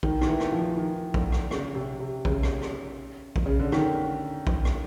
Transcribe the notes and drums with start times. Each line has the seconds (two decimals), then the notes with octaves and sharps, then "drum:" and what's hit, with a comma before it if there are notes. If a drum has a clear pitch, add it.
0.03 D#3, drum: kick A#1
0.21 D#3, drum: rim click
0.27 E3
0.40 drum: rim click
0.52 F3
0.76 D#3
1.14 D3, drum: kick A#1
1.32 drum: rim click
1.51 C#3, drum: rim click
1.75 C3
2.00 C3
2.25 C#3, drum: kick A#1
2.43 drum: rim click
2.62 drum: rim click
3.36 drum: kick A#1
3.46 C#3
3.60 D3
3.72 D#3, drum: rim click
4.47 drum: kick A#1
4.65 drum: rim click